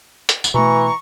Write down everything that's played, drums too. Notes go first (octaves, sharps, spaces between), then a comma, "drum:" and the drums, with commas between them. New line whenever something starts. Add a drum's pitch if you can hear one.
drum: hi-hat
drum: tambourine
B2 E3 A3 A#5 C#6